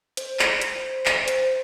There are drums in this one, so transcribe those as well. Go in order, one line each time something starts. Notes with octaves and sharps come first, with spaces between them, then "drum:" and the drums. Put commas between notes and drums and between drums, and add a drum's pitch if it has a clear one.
C5, drum: hi-hat
drum: clap
drum: hi-hat
drum: clap
drum: hi-hat